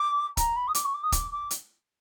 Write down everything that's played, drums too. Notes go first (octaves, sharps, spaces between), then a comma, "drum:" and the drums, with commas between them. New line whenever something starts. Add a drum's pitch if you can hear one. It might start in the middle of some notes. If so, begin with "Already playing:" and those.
Already playing: D6
A#5, drum: kick, hi-hat
B5
D#6
D6, drum: hi-hat
C#6
D6
D#6
D6, drum: kick, hi-hat
D6
drum: hi-hat